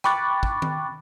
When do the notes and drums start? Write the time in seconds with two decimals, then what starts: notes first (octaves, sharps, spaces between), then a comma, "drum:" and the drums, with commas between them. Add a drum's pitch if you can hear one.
0.04 G5 B5 C#6 D6 F#6 A6, drum: rim click
0.43 drum: kick
0.62 drum: tom D#3